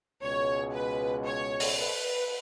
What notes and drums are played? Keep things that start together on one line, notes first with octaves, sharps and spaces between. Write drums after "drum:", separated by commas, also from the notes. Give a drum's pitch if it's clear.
C#2 B2 G#3 C#5
B4
C#5
drum: open hi-hat
B4